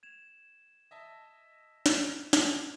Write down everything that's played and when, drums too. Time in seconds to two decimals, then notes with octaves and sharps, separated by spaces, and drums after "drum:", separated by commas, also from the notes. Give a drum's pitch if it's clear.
0.03 G#6 E7 F7
0.91 D#5 E5 A5
1.86 drum: snare
2.33 drum: snare